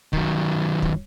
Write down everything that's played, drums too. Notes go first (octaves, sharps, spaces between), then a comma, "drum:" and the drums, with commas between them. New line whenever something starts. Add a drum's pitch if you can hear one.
D#3 F#3, drum: kick
drum: kick